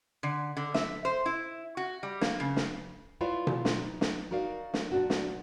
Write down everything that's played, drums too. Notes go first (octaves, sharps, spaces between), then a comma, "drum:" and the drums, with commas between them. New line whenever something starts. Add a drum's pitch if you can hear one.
D3
D3
E5, drum: snare
C5
E4
F#4
G3
A#3, drum: snare
C#3
drum: snare
E4 F4 B4 C#5 D5 F5
drum: tom B2
drum: snare
D#4
drum: snare
D#4 F#4 A#4 D5 F5
drum: snare
A#2 D4 F#4
drum: snare